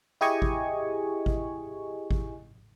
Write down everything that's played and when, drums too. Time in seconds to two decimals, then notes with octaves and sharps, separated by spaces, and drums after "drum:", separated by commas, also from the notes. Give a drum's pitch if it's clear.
0.21 E4 G4 G#4 D#5 G#5 C#6
0.42 drum: kick G#1
1.26 drum: kick G#1
2.11 drum: kick G#1